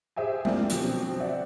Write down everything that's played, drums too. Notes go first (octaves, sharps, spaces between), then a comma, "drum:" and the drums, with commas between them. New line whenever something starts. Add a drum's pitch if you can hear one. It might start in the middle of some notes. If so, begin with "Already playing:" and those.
G4 G#4 C5 E5 G5 G#5
F#3 A#3 C4 D4 E4 F4, drum: tom G#3
B2 D3 F3 F#3 C4 G4, drum: hi-hat
C5 D5 E5 F#5